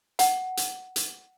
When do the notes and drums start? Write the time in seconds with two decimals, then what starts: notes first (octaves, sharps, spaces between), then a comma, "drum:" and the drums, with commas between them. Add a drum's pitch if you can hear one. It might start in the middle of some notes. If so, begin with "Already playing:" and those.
0.19 F#5, drum: hi-hat
0.57 drum: hi-hat
0.96 drum: hi-hat